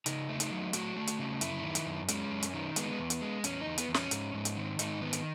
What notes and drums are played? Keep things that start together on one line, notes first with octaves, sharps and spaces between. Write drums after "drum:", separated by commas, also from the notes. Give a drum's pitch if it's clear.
C#3 D#4, drum: hi-hat
A3
D#4, drum: hi-hat
F#3
A3 F#4, drum: hi-hat
A3
drum: hi-hat
C#3
F#2 E4, drum: hi-hat
D#3
drum: hi-hat
F#2
G#3 C#4, drum: hi-hat
F#2
drum: hi-hat
D#3
G#3 B3, drum: hi-hat
E2
drum: hi-hat
G#3
E2 C#4, drum: hi-hat
D#4
E2
B3, drum: hi-hat
E2
C#4, drum: snare
G#2, drum: hi-hat
G#2
drum: hi-hat
D#3
G#2 D#4, drum: hi-hat
D#3 B3
drum: hi-hat